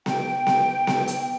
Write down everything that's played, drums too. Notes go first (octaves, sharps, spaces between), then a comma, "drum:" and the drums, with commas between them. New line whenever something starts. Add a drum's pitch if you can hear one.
G5, drum: snare B3
drum: snare B3
drum: snare B3
drum: hi-hat